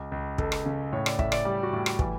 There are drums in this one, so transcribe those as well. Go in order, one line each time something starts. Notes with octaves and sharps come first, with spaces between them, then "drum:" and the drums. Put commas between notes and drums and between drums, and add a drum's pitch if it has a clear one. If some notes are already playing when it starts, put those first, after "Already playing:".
Already playing: C#2
C#2
C#2 A4, drum: kick
drum: rim click
C#3
A2 C#5
D5, drum: rim click
A2 E5, drum: kick
D5, drum: rim click
G3 G4
F#4
A2
drum: rim click
E3, drum: kick